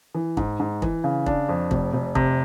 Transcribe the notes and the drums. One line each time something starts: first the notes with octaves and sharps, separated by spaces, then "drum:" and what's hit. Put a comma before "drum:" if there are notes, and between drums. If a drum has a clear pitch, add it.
E3
G#2, drum: kick
G#2
E3, drum: kick
C#3
D4, drum: kick
F2
F1, drum: kick
F1
C3, drum: kick